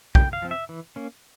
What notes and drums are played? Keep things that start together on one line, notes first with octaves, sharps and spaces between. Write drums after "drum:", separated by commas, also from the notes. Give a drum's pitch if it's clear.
C#3 G5, drum: kick
F5
F3 C4
E5
E3
A#3 C#4